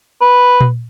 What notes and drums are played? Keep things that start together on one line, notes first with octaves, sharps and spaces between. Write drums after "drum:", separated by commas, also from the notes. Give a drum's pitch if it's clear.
B4
drum: tom A#2